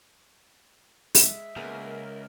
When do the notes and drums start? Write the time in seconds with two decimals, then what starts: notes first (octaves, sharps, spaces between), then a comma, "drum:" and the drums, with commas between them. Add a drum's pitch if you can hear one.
1.15 G#3 E5, drum: open hi-hat
1.56 C#2 A#3 B3 G#4 A#4